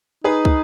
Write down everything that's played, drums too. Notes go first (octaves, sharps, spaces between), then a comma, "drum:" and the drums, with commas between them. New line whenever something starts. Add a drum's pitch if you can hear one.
D#4 G#4 B4
drum: kick